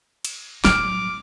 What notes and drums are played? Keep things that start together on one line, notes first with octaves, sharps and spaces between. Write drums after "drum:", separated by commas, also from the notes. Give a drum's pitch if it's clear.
drum: cymbal
A2 F#3 D6 F6, drum: snare